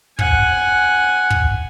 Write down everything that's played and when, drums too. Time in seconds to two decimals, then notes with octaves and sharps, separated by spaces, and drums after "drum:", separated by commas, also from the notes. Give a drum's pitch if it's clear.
0.19 F#5 G#5, drum: kick
1.30 drum: kick